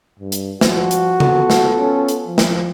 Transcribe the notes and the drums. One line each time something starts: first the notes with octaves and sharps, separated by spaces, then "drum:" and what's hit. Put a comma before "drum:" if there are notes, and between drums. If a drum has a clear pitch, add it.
G2
drum: hi-hat
G2 F3 F#4, drum: snare
drum: hi-hat
B3 F4 A4, drum: tom C#3
drum: snare
C#4
drum: hi-hat
F3
drum: snare